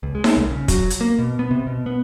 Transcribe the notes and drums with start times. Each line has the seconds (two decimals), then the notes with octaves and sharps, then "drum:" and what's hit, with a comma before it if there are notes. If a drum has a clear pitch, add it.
0.03 C#2
0.15 G#3
0.24 drum: snare D#4
0.37 C2
0.51 C#3
0.68 F#3, drum: kick, hi-hat
0.90 drum: hi-hat
1.01 A#3
1.19 B2
1.39 B3
1.51 C3
1.67 B2
1.86 B3